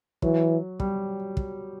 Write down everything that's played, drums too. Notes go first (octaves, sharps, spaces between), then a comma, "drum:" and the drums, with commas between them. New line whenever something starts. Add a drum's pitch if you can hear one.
E3 F#3, drum: kick
G3, drum: kick
drum: kick